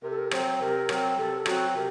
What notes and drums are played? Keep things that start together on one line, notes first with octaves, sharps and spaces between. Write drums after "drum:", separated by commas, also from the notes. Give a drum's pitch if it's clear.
C3 A#4
A4
A#4
F#3 C4 C5, drum: rim click
C3 A#4
F#3 C4, drum: rim click
C3 A4
F#3 C4 F#4, drum: rim click
C3 A#4